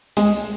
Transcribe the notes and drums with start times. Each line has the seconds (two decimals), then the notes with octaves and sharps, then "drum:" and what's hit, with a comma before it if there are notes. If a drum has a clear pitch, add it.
0.17 G#3, drum: hi-hat